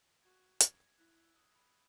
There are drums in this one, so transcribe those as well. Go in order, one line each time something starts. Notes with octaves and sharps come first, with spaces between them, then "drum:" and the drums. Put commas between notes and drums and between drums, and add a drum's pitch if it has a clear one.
F#4 G#6
G#6, drum: hi-hat
E4 F#6
E6
D#6
B5